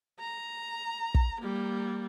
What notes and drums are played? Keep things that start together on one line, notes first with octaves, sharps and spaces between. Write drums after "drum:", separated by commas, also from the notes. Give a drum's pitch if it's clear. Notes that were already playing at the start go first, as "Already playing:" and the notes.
A#5
drum: kick
G3 A#3